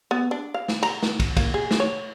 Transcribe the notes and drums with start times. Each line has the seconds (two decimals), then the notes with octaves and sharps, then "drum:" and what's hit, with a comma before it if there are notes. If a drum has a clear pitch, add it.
0.11 B3
0.31 D4
0.54 F5
0.68 drum: snare
0.83 A#5, drum: cymbal
1.03 drum: snare
1.20 drum: kick, cymbal
1.37 A#3, drum: kick, cymbal
1.54 G#4
1.71 drum: snare
1.80 C#5